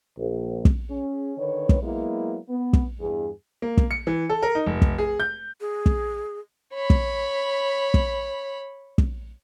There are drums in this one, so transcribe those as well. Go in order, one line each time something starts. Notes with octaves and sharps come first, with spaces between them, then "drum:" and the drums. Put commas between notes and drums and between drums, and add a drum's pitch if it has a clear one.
A#1
drum: kick
C#4 G#4
D3 D#3 B4 C#5
drum: kick
F#3 G#3 A#3 B3 E4
B3
drum: kick
E2 G2 G#4
A#3
drum: kick
C#7
E3
A4
A#4
D#4
F1
drum: kick
G#4
G6
G#4
drum: kick
C#5 B5
drum: kick
drum: kick
drum: kick